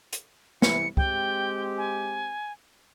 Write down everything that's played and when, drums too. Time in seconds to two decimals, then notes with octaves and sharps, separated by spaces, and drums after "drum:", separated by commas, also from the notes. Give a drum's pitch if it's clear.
0.13 drum: hi-hat
0.62 C2 E3 E4 C#7, drum: snare
0.97 G#3 C4 G4 G5, drum: kick
1.77 G#5